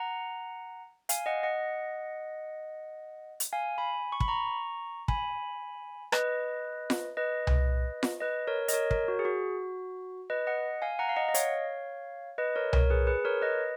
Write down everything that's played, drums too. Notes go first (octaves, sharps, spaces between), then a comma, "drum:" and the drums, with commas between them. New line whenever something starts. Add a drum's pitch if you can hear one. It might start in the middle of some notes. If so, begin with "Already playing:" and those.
Already playing: F#5 A#5
F5 G#5, drum: hi-hat
D#5 F#5
D#5 F#5
drum: hi-hat
F5 G#5
G#5 B5
C#6
B5, drum: kick
A#5 C#6
G#5 B5, drum: kick
B4 D#5, drum: rim click
drum: snare F4
B4 D#5
drum: tom C2
drum: snare F4
B4 D#5
A#4 C#5
D#5, drum: hi-hat
A#4 C#5
A#4 C#5, drum: kick
F#4
G#4
F#4
B4 D#5
D#5 F#5
F5 G#5
F#5 A#5
F5
D#5 F#5
D#5
C#5 F5, drum: hi-hat
B4 D#5
A#4 C#5
A#4 C#5, drum: tom C2
G#4 B4
G#4 B4
A#4 C#5
B4 D#5